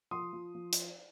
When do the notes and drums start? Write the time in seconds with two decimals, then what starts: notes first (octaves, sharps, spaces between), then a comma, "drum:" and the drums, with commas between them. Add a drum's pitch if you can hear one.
0.11 F3 C6 D#6
0.33 F3
0.55 F3
0.73 drum: hi-hat